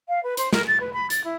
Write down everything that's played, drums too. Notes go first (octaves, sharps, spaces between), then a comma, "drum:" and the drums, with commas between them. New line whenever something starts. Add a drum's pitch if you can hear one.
F5
B4
C5, drum: hi-hat
A#4, drum: snare
A6
B4
B5
A6, drum: hi-hat
E4